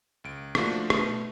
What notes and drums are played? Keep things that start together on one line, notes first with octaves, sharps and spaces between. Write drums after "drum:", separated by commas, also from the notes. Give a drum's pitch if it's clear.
C#2 D7
F3 A3 A#3 D4 F4 F#4, drum: rim click
B2 A3 B3, drum: rim click